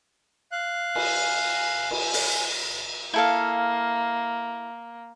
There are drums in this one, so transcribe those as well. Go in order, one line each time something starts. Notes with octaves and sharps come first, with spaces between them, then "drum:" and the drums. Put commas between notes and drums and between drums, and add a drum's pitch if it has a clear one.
F5 F#6
G#5, drum: cymbal
drum: cymbal
drum: open hi-hat
A#3 E4 A4 F5